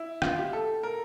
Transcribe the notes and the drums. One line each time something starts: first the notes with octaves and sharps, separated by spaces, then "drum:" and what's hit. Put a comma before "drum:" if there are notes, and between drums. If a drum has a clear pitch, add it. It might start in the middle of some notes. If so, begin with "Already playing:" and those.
Already playing: E4
F4, drum: rim click
G4
A4
A#4